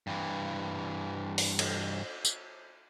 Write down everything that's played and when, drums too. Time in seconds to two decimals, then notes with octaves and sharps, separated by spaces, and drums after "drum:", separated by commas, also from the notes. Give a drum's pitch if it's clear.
0.07 G2 E3
1.38 drum: open hi-hat
1.59 drum: cymbal
2.25 drum: tambourine